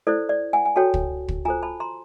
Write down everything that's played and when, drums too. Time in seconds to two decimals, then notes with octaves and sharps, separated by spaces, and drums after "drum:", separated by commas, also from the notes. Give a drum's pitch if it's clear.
0.07 E4 A4 C5 D5
0.29 D5
0.53 F#5 G#5
0.65 G#5
0.76 F#4 A4 C#5 G5 A5
0.94 drum: kick
1.28 drum: kick
1.45 F4 A4 C5 G#5 A#5
1.63 A5 B5
1.80 A#5 C6